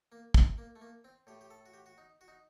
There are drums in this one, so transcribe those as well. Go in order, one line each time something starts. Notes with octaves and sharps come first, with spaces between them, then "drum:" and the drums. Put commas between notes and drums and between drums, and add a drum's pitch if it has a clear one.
A#3
C4, drum: kick
A#3
A3
A#3
C4
A2 G4
G4
A4
F#4
G4
F#4
D#4
F#4
D#4